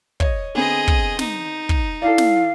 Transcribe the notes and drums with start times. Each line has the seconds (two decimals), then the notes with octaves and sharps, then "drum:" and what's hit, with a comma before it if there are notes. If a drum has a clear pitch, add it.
0.20 C#5 D#5, drum: kick
0.55 D3 B3 C4 G#4 D#5
0.88 drum: kick
1.19 D#4, drum: snare
1.69 drum: kick
2.02 E4 A4 D5 F5
2.18 drum: snare